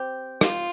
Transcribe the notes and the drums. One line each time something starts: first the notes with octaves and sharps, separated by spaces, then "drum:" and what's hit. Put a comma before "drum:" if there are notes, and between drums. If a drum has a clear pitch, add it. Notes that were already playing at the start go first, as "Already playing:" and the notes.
Already playing: C4 G4
F4, drum: rim click